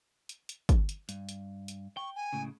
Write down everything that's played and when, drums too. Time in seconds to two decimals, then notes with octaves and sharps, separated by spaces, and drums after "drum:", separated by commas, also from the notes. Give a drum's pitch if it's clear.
0.29 drum: hi-hat
0.49 drum: hi-hat
0.69 drum: kick, hi-hat
0.89 drum: hi-hat
1.09 G2, drum: hi-hat
1.29 drum: hi-hat
1.68 drum: hi-hat
1.97 G5 C#6
2.16 G#5
2.33 C#2 A2 C#3